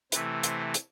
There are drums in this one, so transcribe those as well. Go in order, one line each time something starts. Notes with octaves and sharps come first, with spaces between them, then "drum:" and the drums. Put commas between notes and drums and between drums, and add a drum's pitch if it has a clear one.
C3 E3 A3 B4, drum: hi-hat
C5, drum: hi-hat
drum: hi-hat